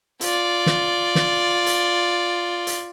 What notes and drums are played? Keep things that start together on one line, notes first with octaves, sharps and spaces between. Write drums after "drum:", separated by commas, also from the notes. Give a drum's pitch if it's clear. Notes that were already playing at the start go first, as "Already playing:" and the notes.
F4 D5, drum: hi-hat
drum: snare
drum: snare
drum: hi-hat
drum: hi-hat